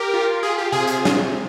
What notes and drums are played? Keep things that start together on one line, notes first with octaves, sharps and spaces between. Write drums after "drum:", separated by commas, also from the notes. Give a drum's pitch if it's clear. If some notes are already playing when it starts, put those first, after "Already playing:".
Already playing: G4 A#4
F4
F4 G#4
G4
C3 G#4
G#4, drum: hi-hat
drum: snare